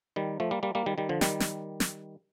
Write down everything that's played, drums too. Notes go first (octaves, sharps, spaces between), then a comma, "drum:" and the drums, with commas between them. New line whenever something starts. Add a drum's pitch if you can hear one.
D#3 G3
F3 A3
G3 A#3
G3 A#3
G3 A#3
D#3 G3
D#3 G3
D3 F3
D#3 G3, drum: snare
drum: snare
drum: snare